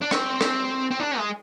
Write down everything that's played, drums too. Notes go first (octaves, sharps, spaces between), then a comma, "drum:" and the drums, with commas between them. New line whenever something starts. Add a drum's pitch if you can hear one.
D4
C4, drum: rim click
drum: rim click
C4
D4
G#3